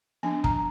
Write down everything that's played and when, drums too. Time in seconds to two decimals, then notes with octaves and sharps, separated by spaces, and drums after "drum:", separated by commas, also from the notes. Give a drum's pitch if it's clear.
0.23 F3 B3 D4 G#5
0.44 A#5, drum: kick